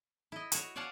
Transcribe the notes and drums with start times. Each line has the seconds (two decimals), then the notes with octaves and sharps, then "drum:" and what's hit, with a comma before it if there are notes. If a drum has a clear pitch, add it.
0.32 E4 D#5
0.52 F#4 C#5, drum: hi-hat
0.76 C#5 D5 F5 F#5 G#5 A5